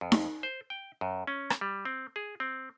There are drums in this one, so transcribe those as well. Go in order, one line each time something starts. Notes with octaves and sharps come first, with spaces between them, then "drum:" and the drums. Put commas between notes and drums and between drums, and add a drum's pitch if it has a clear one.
F2
drum: snare D#4
C5
G5
F#2
C#4
drum: rim click
G3
C4
G#4
C4